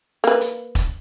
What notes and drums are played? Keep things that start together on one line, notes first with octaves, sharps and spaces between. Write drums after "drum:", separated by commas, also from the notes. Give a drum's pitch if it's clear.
A#3 B4, drum: hi-hat
drum: hi-hat
drum: kick E1, hi-hat